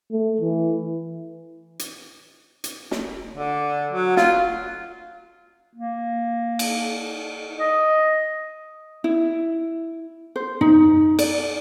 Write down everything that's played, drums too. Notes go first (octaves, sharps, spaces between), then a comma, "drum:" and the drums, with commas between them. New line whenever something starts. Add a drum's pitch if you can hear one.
A3
E3
drum: hi-hat
drum: hi-hat
drum: snare
D3
F#3
F4, drum: snare
A#3
drum: cymbal
D#5
E4
C5
D#4, drum: tom
D5, drum: cymbal